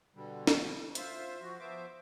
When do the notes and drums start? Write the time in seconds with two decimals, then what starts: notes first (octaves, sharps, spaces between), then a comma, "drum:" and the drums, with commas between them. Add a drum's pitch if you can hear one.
0.15 B2 D3 G3
0.47 drum: snare
0.95 F4 C5 E5, drum: hi-hat
1.41 F3 F#4
1.60 F3 B3 C5 E5 D6